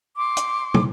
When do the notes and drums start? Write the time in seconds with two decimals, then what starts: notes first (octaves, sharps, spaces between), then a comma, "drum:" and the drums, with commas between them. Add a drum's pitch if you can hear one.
0.18 C6 D6
0.37 drum: hi-hat
0.74 drum: tom